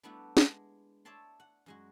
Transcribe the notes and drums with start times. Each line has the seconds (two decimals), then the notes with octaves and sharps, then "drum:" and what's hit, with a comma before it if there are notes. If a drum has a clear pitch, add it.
0.03 G3 A3 B3 D4 E4 F#4
0.37 G#3, drum: snare
1.05 C#5 D5 E5 A5 C6
1.40 F#5
1.66 F#2 G#3 F#4